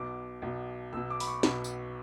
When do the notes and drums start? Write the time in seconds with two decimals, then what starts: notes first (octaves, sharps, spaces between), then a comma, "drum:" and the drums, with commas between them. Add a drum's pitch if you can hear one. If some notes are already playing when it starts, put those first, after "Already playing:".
Already playing: B1 B2 D6
0.42 B1 B2
0.93 B1 B2 E6
1.10 D6
1.20 B5, drum: open hi-hat
1.27 C#6
1.43 B1 B2 B5, drum: snare
1.64 drum: tambourine